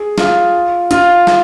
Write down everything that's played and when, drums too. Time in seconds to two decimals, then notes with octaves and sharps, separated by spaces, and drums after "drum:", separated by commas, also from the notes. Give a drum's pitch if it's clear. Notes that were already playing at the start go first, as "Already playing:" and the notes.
Already playing: G#4
0.18 F4, drum: snare
0.91 F4, drum: hi-hat
1.27 drum: snare